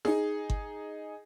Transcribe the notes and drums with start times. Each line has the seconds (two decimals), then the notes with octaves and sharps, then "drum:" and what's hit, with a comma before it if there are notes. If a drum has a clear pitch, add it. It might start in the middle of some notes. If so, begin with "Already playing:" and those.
0.05 D#4 G#4, drum: snare E4
0.50 drum: kick G1